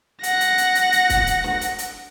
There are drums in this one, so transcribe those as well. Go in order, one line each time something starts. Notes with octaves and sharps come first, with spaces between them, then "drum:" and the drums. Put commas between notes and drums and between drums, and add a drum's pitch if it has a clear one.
F#5 A#6, drum: hi-hat
drum: hi-hat
drum: hi-hat
drum: hi-hat
drum: hi-hat
drum: kick, hi-hat
drum: hi-hat
drum: snare
drum: hi-hat
drum: hi-hat